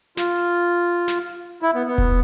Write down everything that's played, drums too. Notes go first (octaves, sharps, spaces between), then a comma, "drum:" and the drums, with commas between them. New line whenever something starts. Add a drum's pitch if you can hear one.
F4, drum: snare
drum: snare
E4
B3
B3
drum: kick E1